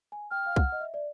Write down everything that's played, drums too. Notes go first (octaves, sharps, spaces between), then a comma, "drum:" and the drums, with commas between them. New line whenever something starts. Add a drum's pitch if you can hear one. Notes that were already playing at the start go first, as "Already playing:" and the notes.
G#5
G5 F6
F5
F#5, drum: kick B1
D#5
E5
D5